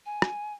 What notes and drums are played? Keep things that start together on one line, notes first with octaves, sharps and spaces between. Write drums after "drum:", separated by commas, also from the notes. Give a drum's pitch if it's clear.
G#5
drum: rim click